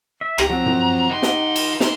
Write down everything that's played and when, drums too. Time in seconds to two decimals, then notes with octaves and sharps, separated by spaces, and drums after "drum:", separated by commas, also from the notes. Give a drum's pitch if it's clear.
0.21 E5
0.38 B1 G4 A#5, drum: rim click
0.50 F3 F#3 C4 F#5
0.66 drum: tom
1.11 D#3 D#4 G4 C6
1.22 drum: snare
1.56 drum: cymbal
1.80 A#3 D#4 C6, drum: snare